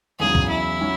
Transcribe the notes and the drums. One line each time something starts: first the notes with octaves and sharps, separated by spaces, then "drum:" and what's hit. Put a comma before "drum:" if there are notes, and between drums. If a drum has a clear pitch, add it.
E2 C#3 F#3 G#4
drum: kick
E4
F#3 C#4